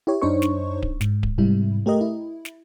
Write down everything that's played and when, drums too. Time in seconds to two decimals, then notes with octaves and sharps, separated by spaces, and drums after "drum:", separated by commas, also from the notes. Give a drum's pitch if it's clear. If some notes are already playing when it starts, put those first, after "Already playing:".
0.07 E4 G4 C#5
0.22 F#2 D4 D#4 C5 C#5 C#6
0.42 drum: snare
0.82 drum: kick D1
1.01 G#2, drum: snare
1.23 drum: kick D1
1.38 G#2 C3 G3 E4
1.86 A3 G4 A#4 D#5
2.01 E4
2.45 drum: snare